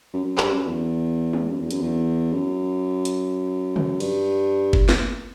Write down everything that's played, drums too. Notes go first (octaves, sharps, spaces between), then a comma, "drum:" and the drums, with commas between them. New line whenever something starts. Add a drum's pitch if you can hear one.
F#2
F#2
G2, drum: clap
F#2
E2
drum: tom
F#2
E2
F#2, drum: hi-hat
E2
F#2
drum: hi-hat
drum: tom
G2, drum: cymbal
drum: kick
drum: snare